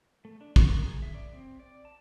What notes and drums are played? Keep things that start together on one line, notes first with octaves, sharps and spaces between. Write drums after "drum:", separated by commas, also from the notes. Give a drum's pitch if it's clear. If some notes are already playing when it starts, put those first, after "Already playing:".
A3
D4
C#6, drum: kick
A#4
G#4
E5
D5
C4
D5
A5